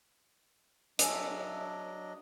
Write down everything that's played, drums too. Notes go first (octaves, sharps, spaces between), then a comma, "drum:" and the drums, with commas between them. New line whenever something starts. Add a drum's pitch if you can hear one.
F#3 D4 D#5 E5 G#5 A5, drum: hi-hat